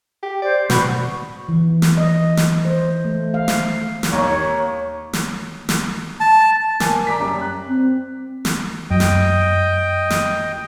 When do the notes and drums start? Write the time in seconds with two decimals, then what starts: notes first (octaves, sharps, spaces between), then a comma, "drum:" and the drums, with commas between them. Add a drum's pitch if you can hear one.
0.23 G4
0.42 C5 D5
0.70 B2 F#4 B5 C#6, drum: snare
1.49 E3
1.82 drum: snare
1.98 D#5
2.37 drum: snare
2.65 C5
3.05 A3
3.34 F5
3.48 drum: snare
4.03 drum: snare
4.13 D#2 C#5
5.13 drum: snare
5.69 drum: snare
6.20 A5
6.80 A#3 G#5, drum: snare
7.07 A#5 D6 B6
7.20 F#2 G3
7.41 F#6
7.68 C4
8.45 drum: snare
8.90 F#2 D#5 G5
9.00 drum: snare
10.10 drum: snare